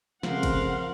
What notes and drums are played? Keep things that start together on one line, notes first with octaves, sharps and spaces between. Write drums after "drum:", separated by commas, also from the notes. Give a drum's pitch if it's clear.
C#3 F3 A3 C4 A#4 C5 F5 F#5, drum: snare
drum: kick, cymbal